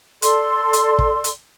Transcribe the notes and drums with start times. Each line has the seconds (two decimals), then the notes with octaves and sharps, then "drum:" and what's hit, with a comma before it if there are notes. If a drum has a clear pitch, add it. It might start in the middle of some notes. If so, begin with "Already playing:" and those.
0.22 A4 D5 C6, drum: hi-hat
0.73 drum: hi-hat
0.99 drum: kick
1.24 drum: hi-hat